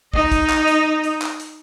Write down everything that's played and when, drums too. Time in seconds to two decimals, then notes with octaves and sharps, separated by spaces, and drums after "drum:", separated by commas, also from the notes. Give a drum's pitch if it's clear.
0.14 D#4 D#5, drum: kick
0.32 drum: kick, hi-hat
0.50 drum: clap
0.68 drum: hi-hat
1.04 drum: hi-hat
1.22 drum: clap
1.40 drum: hi-hat